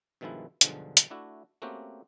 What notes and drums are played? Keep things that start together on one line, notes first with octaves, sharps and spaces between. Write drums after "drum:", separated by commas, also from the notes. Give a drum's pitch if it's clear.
G2 B2 D#3 F3 G#3 E4
B1 G2 D3 F3 G#3, drum: hi-hat
drum: hi-hat
A3 D4 E4 F#4
A3 A#3 C4 C#4 F#4 G4